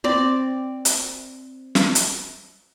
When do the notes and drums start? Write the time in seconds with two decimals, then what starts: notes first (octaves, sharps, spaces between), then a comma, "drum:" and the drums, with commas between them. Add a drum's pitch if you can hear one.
0.04 C4 D5
0.85 drum: hi-hat
1.75 drum: snare
1.95 drum: hi-hat